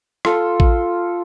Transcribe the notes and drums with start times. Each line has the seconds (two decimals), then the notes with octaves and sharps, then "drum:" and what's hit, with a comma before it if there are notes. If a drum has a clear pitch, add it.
0.25 F4 A4, drum: rim click
0.60 drum: kick A1